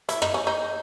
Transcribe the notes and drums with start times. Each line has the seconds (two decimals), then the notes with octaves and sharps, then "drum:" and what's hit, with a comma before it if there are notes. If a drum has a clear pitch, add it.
0.09 E4, drum: hi-hat
0.22 D#4, drum: rim click
0.34 C#4
0.47 D#4